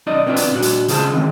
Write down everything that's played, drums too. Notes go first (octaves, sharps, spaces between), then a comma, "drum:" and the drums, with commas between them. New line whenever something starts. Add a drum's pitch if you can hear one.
B1 D#4 D5 D#5
B3 C4 D4 F4 D5
drum: hi-hat
A#2 D4 F#4
drum: hi-hat
C#3 F4 G#4 C5 A5, drum: hi-hat
D3 D#3 A#3 C4